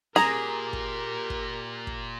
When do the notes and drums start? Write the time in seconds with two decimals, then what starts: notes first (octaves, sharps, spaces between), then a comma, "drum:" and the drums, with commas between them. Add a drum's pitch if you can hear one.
0.16 A#2 G4 G#4 A#4 A#5, drum: snare
0.73 drum: kick
1.30 drum: kick
1.87 drum: kick